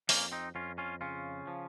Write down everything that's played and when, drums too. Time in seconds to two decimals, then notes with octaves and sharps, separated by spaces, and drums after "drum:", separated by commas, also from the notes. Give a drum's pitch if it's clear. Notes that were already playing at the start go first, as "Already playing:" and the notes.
0.09 F2 A#3 C#4, drum: open hi-hat
0.32 C4 D#4
0.55 F2 C#4 F4
0.78 C#4 F4
1.01 C#3 C#4 F4
1.47 F3